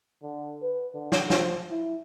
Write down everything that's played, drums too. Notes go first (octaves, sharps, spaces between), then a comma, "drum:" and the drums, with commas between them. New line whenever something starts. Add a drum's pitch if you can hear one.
D3
B4
D3
drum: snare
F3, drum: snare
E4